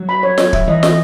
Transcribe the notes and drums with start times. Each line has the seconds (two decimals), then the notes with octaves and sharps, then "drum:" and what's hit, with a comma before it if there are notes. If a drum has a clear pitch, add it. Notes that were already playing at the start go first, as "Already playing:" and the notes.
Already playing: F#3
0.09 B5
0.23 C#5
0.38 C#5, drum: snare
0.53 E5, drum: kick
0.68 E3 D#5
0.83 D#5, drum: snare